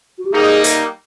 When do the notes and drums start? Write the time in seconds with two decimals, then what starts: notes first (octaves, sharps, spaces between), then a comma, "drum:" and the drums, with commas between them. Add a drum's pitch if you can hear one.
0.18 F#4
0.25 G4
0.32 G3 A#3 D#4 G#4
0.64 drum: hi-hat